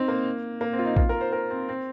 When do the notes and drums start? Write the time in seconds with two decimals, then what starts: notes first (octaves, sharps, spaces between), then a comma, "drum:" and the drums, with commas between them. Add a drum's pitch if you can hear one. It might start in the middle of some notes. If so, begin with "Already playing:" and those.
Already playing: C4 D#4
0.08 A#3
0.61 A#3
0.73 C4
0.79 F4
0.85 D#4
0.97 F4, drum: kick A#1
1.09 A#4
1.21 C5
1.33 A#4
1.51 C4
1.69 C4